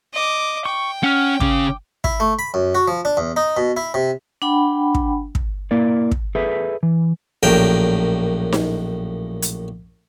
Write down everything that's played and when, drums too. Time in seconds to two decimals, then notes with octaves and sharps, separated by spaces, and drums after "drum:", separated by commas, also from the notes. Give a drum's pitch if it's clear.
0.13 D#5 D6
0.66 G5 C#6
1.03 C#4 F#5 F6
1.40 C#3 C#4 D6, drum: kick
2.04 E4, drum: kick
2.20 A3
2.39 B5
2.54 F#2
2.75 F#4
2.88 F3
3.05 D4
3.17 E2
3.36 D#4
3.57 B2
3.77 E4
3.94 C3
4.42 D4 F#5 G5 B5
4.95 drum: kick
5.35 drum: kick
5.71 A#3 E4 A#4 D5
6.11 drum: kick
6.35 G#4 A4 B4 E5
6.83 E3
7.43 A#1 F#2 A2 A#4 G5
8.52 drum: snare D#4
9.42 drum: hi-hat